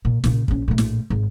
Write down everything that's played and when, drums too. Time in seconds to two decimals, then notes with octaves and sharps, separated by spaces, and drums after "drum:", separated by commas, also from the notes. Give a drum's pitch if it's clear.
0.05 A#2
0.24 A#2 C#3, drum: snare
0.48 A#1 C#4, drum: kick
0.68 A#1 A2
0.78 drum: snare
1.10 G#1